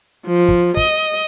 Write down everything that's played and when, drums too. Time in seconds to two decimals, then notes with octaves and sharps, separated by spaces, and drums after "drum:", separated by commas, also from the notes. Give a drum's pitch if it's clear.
0.27 F3
0.49 drum: kick
0.77 D#5, drum: kick